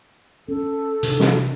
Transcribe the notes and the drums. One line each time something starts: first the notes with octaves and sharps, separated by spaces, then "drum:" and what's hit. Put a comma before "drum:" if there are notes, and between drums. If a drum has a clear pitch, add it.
C#4 A4
C3 D4, drum: hi-hat
drum: snare